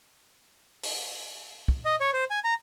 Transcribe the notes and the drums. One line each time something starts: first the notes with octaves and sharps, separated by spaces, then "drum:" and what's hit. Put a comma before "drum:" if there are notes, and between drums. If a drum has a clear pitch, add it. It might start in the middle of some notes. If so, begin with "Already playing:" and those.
drum: open hi-hat
drum: kick
D#5
C#5
C5
G#5
A#5